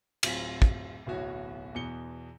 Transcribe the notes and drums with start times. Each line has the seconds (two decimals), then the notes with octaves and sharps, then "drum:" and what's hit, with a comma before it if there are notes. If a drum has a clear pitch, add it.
0.23 D1 F#3 C4 F4 G#5 B6, drum: cymbal
0.62 drum: kick
1.07 D1 B1 B2 E4 F#4 C#5
1.75 E2 B2 C#7 G7